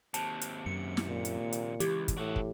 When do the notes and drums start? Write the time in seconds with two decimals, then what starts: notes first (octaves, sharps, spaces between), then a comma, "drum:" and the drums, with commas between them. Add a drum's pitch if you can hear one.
0.14 D#2 C3 A5, drum: hi-hat
0.41 drum: hi-hat
0.66 F#2 C#7
0.97 drum: snare
1.08 A#2
1.25 drum: hi-hat
1.53 drum: hi-hat
1.80 C#2 E3 G4, drum: hi-hat
2.08 drum: kick, hi-hat
2.18 A2 F#4 A4
2.36 drum: kick